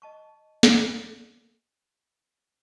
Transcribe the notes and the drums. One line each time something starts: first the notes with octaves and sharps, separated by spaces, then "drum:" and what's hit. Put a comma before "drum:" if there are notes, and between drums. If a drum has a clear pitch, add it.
D#5 A5 C#6
drum: snare